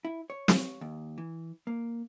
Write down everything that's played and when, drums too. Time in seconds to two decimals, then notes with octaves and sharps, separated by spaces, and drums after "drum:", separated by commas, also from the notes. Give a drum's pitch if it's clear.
0.05 E4
0.30 C#5
0.48 drum: snare
0.81 D#2
1.18 E3
1.67 A#3